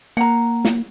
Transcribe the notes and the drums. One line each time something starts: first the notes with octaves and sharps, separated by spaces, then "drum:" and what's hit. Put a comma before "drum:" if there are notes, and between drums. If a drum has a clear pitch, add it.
A#3 F#5 A#5
drum: snare